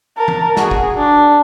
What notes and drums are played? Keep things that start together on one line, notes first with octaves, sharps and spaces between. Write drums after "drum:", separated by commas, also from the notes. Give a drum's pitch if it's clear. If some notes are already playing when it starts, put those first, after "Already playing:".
A#4 A5
drum: tom E3
F#4 G#4, drum: snare
drum: kick
D4